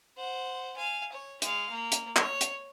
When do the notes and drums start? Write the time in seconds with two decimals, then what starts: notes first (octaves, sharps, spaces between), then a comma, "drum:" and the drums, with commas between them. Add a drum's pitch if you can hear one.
0.17 C5 F#5
0.76 F5 G#5
1.12 C#5
1.42 G#3 F5, drum: hi-hat
1.70 A#3
1.92 drum: hi-hat
2.16 C#5, drum: clap
2.41 drum: hi-hat